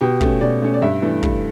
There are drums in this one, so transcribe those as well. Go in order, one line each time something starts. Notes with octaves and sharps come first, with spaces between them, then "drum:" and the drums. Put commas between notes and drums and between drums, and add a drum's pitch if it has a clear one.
B2 G4
A3 C#4, drum: kick
B2 D5
A3 C#4
D5
G2 E5
E3 A3 D4 A4
G2, drum: kick